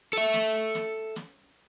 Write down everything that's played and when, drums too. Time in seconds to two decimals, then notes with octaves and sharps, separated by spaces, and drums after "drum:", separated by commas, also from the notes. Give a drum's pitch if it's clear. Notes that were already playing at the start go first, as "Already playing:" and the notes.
0.13 A4 E5, drum: hi-hat
0.34 drum: snare
0.54 drum: hi-hat
0.75 drum: snare
1.16 drum: snare